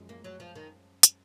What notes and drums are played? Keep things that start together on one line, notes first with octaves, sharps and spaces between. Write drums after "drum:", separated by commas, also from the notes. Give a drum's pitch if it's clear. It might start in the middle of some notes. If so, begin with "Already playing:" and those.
Already playing: F#2 F3 G#3
A#3
F#3
F3
D#3
drum: hi-hat